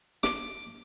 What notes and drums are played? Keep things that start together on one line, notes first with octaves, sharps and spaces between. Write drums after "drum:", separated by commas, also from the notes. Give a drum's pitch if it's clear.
D6, drum: snare